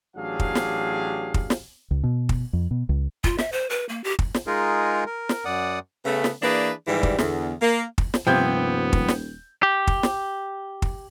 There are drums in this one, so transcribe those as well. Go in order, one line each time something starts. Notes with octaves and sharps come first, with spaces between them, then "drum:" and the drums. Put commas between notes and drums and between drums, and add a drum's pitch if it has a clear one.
A1 F#3 D4 G4 G#4 F5
drum: kick
drum: snare
drum: kick
drum: snare
C#2
B2
drum: kick
F2
B2
C#2
F4, drum: kick
E5, drum: snare
C5
B4
A#3
G4
drum: kick
drum: snare
G#3 D#4 F4 G#4 A#4
A#4
drum: snare
F#2 D5 F#5 D#6
C#3 A3 B3
drum: snare
E3 A#3 D4 G#4 B4 D5
G#2 D#3 E3 G3
drum: kick
E2 D3, drum: snare
A#3
drum: kick
drum: snare
D#1 G2 C3 F3 B3 G5 G6 G#6
drum: kick
drum: snare
G4
drum: kick
drum: snare
drum: kick